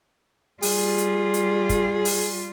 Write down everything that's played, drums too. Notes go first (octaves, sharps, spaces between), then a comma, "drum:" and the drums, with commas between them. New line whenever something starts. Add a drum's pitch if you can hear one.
G3 F4 G#4, drum: open hi-hat
drum: hi-hat
drum: hi-hat
drum: kick, hi-hat
drum: open hi-hat